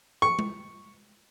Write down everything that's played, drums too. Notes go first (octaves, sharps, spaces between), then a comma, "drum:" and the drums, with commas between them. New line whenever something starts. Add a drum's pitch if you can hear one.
C#6
drum: tom G#3